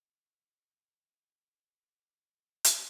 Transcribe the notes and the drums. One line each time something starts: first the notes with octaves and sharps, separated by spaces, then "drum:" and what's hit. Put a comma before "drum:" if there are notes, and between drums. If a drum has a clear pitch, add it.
C#6
D#4 G#4
C5
A#5 C6 D6
C5 D5 A#5 D#6
drum: hi-hat